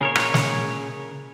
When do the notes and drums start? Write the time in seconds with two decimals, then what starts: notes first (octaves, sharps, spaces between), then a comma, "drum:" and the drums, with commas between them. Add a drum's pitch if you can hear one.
0.01 A#2 C#3 C#4 G#4 A#4 C#5
0.15 drum: rim click
0.34 drum: snare